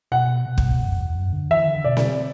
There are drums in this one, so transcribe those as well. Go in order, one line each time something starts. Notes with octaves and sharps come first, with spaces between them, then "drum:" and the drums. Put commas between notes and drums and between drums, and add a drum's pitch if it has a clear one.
B2 F#5
B2
drum: kick
F#2
E2
F#2
D3
E3 E5
D3
B2 D5
drum: snare C4